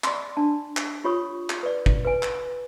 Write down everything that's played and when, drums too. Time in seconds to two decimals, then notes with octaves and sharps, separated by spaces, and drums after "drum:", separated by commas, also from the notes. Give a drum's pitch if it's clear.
0.04 D5 B5 C6, drum: clap
0.37 D4 A5
0.77 drum: clap
1.04 F4 G4 C#5 B5 C#6 D#6
1.50 drum: clap
1.63 B4 D5
1.86 drum: kick
2.05 B4 G#5
2.23 drum: clap